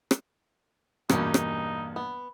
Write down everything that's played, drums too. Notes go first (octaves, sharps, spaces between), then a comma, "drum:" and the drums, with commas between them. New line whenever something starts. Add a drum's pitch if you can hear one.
drum: rim click
E2 G2 B2 A#3 C#4 D#4 G4, drum: rim click
drum: rim click
B3